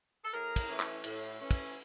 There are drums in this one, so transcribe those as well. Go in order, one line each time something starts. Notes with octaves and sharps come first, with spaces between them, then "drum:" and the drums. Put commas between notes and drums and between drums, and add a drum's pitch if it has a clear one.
A4
A2 G#4 A#4
drum: kick, cymbal
E3 A3 C#4
drum: clap
A2, drum: cymbal
E3 A3 C#4
drum: kick, cymbal